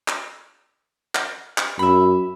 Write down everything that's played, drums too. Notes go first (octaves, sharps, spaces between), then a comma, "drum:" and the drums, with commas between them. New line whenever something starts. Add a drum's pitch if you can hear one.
drum: clap
drum: clap
drum: clap
F#2 E5 B5